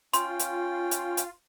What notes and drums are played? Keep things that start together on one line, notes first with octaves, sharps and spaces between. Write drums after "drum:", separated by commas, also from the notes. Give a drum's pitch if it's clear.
C#4 F4 G5 C6, drum: hi-hat
drum: hi-hat
drum: hi-hat
drum: hi-hat